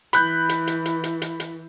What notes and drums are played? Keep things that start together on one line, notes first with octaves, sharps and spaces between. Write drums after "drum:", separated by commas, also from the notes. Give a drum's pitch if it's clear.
E3 B5 F#6 G6, drum: hi-hat
drum: hi-hat
drum: hi-hat
drum: hi-hat
drum: hi-hat
drum: hi-hat
drum: hi-hat